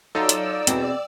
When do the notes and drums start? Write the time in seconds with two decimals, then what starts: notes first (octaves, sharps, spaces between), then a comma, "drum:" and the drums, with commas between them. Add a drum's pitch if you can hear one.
0.15 F#3 D#4 F4 A4 D5 E6
0.29 drum: hi-hat
0.67 E2 B2 C4, drum: hi-hat